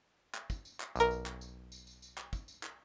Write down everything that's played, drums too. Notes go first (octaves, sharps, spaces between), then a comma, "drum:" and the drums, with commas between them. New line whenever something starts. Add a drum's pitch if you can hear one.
drum: clap
drum: kick, tambourine
drum: tambourine
drum: clap
B1 A#4, drum: tambourine
drum: tambourine
drum: clap
drum: tambourine
drum: tambourine
drum: tambourine
drum: tambourine
drum: clap
drum: kick, tambourine
drum: tambourine
drum: clap